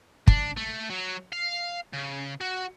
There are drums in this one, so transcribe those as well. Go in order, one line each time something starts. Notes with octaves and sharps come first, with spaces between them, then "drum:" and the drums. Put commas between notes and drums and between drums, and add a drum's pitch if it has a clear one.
D4, drum: kick
A3
F#3
F5
C#3
F#4